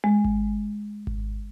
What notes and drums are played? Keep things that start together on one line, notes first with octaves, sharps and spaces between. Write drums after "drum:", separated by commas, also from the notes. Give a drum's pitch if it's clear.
G#3
drum: kick G#1
drum: kick G#1